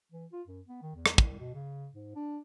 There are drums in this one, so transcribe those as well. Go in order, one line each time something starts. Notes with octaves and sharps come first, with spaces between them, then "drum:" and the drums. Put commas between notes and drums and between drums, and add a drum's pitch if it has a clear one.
E3
F4
F#2
B3
D#3
E2
drum: rim click
C2, drum: kick
B2
C#3
G#2
D4